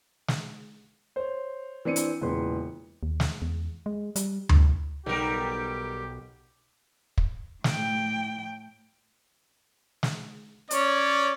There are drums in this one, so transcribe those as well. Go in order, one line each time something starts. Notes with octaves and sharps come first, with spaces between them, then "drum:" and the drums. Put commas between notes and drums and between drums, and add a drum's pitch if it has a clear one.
drum: snare
C5 C#5
E3 C4 D4 C#7 D#7
drum: hi-hat
E1 A#2 C#3 E3 B4 C6
D#2
drum: snare
E2
G#3
G3, drum: hi-hat
G2, drum: tom D2
B1 G3 G4 A#4
drum: kick
A2 G5, drum: snare
drum: snare
C#4 C#5 D5, drum: hi-hat